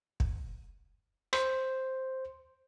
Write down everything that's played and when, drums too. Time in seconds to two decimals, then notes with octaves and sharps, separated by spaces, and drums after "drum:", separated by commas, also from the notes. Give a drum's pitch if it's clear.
0.20 drum: kick
1.33 C5, drum: rim click